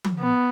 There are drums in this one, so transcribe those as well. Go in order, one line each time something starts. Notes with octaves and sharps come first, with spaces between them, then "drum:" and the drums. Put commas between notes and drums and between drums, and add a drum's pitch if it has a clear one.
drum: tom F3
B3